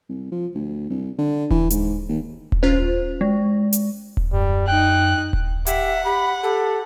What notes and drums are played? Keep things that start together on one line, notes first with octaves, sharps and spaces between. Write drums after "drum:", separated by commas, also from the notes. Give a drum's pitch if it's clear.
C2
F3
D2
C2
D3
E3, drum: kick D#1
G#2, drum: hi-hat
D#2
drum: kick D#1
C#4 F4 C5
G#3
drum: hi-hat
drum: kick D#1
F#2 G3
D#4 G5 F#6
drum: kick D#1
G4 E5 F#5, drum: hi-hat
G4 B5
G4 A4